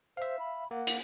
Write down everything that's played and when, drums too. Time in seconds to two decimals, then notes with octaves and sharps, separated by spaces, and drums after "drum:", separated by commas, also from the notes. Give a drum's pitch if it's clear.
0.17 C5 E5 F5
0.39 B5
0.71 A#3 F#5
0.87 drum: hi-hat